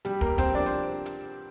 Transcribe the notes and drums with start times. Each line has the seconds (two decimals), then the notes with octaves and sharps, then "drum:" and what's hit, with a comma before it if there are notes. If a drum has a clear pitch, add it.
0.05 G2 G3 G4, drum: hi-hat
0.21 A#3 A#4, drum: kick
0.27 G2
0.38 C4 C5, drum: kick, hi-hat
0.49 F3
0.55 D4 D5
0.66 C5
1.06 drum: hi-hat